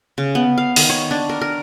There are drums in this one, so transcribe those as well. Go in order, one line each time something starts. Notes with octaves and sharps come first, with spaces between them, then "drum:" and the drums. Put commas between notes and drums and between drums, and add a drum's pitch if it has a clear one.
C#3
B3
F5
D#3, drum: open hi-hat
C#5
D4
A#4
A#4